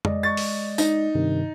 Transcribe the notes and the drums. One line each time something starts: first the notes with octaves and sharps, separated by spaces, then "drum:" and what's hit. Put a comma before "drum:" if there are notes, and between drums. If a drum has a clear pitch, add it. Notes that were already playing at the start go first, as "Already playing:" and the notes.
G#3 D5 D#5, drum: tom F2
C#6 A6
drum: open hi-hat
D#4, drum: tambourine
G2 C3 D#3